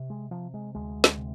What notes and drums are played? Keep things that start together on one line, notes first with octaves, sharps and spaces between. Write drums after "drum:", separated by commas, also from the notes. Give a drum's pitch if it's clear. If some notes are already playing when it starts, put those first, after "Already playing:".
Already playing: C3
G#3
C3 F3
G#3
D2 G#3
drum: snare
C3